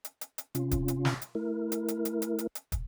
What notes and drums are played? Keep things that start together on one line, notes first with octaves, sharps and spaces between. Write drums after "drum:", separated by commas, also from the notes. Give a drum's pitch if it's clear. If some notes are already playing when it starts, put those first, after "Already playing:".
drum: hi-hat
drum: hi-hat
drum: hi-hat
C3 C#4 F4, drum: hi-hat
drum: kick, hi-hat
drum: hi-hat
drum: snare
drum: hi-hat
A3 E4 A#4
drum: hi-hat
drum: hi-hat
drum: hi-hat
drum: hi-hat
drum: hi-hat
drum: hi-hat
drum: kick, hi-hat